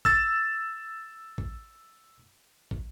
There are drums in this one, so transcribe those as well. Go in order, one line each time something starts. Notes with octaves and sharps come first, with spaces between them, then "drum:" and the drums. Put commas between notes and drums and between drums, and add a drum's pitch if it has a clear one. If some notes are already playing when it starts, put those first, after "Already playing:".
E6 A6, drum: kick
drum: kick
drum: kick